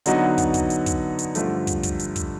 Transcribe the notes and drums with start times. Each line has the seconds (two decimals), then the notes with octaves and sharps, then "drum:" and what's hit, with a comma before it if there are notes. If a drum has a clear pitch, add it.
0.06 D3 F#3 B3 D#4 F#4, drum: hi-hat
0.38 drum: kick, hi-hat
0.54 drum: kick, hi-hat
0.70 drum: hi-hat
0.86 drum: kick, hi-hat
1.19 drum: hi-hat
1.35 G2 D3 F3 A3, drum: hi-hat
1.67 drum: kick, hi-hat
1.83 drum: kick, hi-hat
1.99 drum: hi-hat
2.16 drum: kick, hi-hat